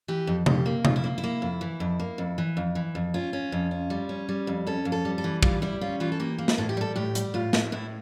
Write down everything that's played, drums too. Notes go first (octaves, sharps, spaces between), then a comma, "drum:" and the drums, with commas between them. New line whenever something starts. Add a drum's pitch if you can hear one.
E3 G4
F2
F2 G4, drum: tom C3
A#3
F2 F4, drum: tom C3
E4
A#3
E4
A#3
F2
E3
F2
A#3
F2
E3
F2
E3
F2
C#4 F4
C#4
F2
C#4
G3
C#4
G3
F2
C#4 A4
F2
A4
G3
A4
E3
G3 F4, drum: kick
G3 E4
C#4 F4
E3 F4
A4
A#3 G4
A#3
drum: snare
A2 A4
G4
G3 A4
A2 G4
G3, drum: hi-hat
A2 F4
A2, drum: snare
A2 E4